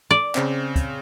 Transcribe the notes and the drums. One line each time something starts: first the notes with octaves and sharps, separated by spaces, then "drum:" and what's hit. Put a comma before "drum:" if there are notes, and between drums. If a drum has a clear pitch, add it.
D5
C#3 C4, drum: clap
drum: kick, hi-hat